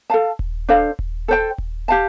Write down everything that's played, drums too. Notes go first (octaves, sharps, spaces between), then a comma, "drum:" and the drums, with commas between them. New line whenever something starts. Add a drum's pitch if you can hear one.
A4 F5 A5
drum: kick D#1
D4 A4 C5 F5
drum: kick D#1
A4 C5 G5
drum: kick D#1
G4 F5 A5